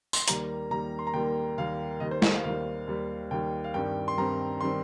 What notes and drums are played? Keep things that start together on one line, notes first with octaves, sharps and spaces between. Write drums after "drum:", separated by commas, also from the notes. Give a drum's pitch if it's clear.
C6, drum: tambourine
D#2 D#3 G3 A#3 A#5, drum: hi-hat
D#2 D#3 G3 A#3 A#5
C6
A#5
D#2 D#3 G3 A#3 G5
D#2 D#3 G3 A#3 F5
D#2 D#3 G3 D#5
C5
C5, drum: snare
F5
D#2 D#3 G3 F5
D#2 D#3 G3
D#2 D#3 G3 G5
F5
G2 D#3 G3 C4 G5
C6
G2 D#3 G3 C4 A#5
D#3 G3 C4 C6